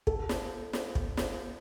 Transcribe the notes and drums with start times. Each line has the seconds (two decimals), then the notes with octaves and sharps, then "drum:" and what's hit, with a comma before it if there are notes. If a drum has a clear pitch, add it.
0.07 A4, drum: kick
0.29 drum: snare
0.73 drum: snare
0.95 drum: kick
1.17 drum: snare